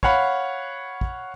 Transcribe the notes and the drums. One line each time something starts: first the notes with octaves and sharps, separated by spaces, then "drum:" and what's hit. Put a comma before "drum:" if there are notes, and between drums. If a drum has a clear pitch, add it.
C#5 F5 F#5 B5, drum: kick
drum: kick